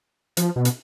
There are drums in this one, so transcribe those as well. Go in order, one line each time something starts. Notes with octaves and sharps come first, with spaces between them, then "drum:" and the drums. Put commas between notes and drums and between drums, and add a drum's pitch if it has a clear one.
F3, drum: hi-hat
B2
drum: hi-hat